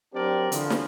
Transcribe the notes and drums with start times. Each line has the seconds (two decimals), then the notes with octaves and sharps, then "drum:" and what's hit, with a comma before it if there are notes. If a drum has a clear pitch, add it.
0.14 F#3 C4 D4 G4 A#4 D5
0.52 D3 E3 F3, drum: hi-hat
0.70 drum: snare